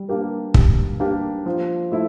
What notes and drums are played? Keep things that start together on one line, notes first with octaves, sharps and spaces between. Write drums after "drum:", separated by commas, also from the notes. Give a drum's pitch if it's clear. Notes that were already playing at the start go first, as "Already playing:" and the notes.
Already playing: G3
A#3 D4 G4 A#4
G3, drum: kick
A#3 D4 G4 A#4
F3
A3 E4